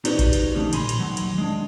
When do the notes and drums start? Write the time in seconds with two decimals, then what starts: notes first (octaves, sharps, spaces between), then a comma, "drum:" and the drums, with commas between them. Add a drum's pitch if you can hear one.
0.05 D#4 F#4 G4 B4 C5 D5, drum: cymbal
0.19 drum: kick A1, cymbal
0.33 drum: cymbal
0.55 C#3 E3 G3 A3 D4 D#4
0.73 A#2 G#5 B5 C6, drum: cymbal
0.89 drum: cymbal
0.99 D#2 F#3
1.17 drum: cymbal
1.38 G#3 D4